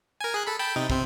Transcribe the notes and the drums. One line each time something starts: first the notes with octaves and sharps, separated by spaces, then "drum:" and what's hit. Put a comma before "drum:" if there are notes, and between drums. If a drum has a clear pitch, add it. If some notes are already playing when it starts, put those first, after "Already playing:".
A#4 G#5
G#4 F#6
A4 B5
G5 A5 B5
C3 D#4
C3 C4, drum: kick